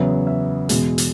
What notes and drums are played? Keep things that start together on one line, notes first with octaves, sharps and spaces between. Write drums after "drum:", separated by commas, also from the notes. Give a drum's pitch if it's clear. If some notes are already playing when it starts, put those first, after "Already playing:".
Already playing: E2 C#3 F#3 B3 E5
E5
E2 B2 G#3, drum: hi-hat
drum: hi-hat